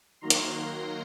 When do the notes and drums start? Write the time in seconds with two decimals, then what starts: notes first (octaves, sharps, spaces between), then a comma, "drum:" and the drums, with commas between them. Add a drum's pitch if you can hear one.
0.21 D#3 F#3 A#3 A#5 C6
0.30 drum: hi-hat